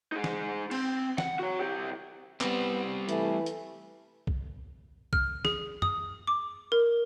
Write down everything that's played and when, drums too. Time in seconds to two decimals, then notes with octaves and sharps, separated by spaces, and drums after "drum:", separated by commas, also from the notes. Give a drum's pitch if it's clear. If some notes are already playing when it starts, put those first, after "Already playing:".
0.12 D#4 G#4
0.24 drum: snare
0.71 C4, drum: cymbal
1.18 F#5, drum: snare
1.39 F#4 C#5
1.60 C2 G4
2.41 G3 B3 C4, drum: clap
3.09 E3 A3, drum: hi-hat
3.46 drum: hi-hat
4.27 drum: kick B1
5.13 F6, drum: kick B1
5.45 G#4, drum: snare
5.82 D#6, drum: tom
6.27 D6
6.72 A#4